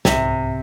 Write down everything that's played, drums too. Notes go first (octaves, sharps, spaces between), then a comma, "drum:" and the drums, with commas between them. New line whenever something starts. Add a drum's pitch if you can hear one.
C2 C3, drum: snare